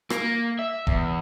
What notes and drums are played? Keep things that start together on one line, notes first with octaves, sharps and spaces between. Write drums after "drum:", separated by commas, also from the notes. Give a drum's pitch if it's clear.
A#3, drum: rim click
E5
E2, drum: kick E1